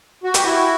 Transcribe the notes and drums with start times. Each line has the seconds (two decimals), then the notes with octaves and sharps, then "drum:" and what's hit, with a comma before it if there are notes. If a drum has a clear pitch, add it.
0.24 F#4
0.34 G4, drum: hi-hat
0.44 E4 F#4